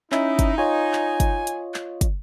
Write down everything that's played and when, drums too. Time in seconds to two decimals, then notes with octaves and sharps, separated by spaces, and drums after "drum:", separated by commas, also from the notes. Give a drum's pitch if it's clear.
0.12 C#4 D#4 E4, drum: clap
0.39 drum: kick, hi-hat
0.58 F4 C#5 D#5 G#5
0.93 drum: clap
1.20 drum: kick, hi-hat
1.47 drum: hi-hat
1.74 drum: clap
2.01 drum: kick, hi-hat